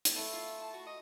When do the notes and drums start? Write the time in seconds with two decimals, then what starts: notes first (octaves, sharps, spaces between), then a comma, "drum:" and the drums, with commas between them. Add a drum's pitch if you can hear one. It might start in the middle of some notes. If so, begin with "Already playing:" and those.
0.05 drum: hi-hat
0.15 A3 E4 A4
0.33 F4
0.61 A5
0.74 F#4
0.87 D#5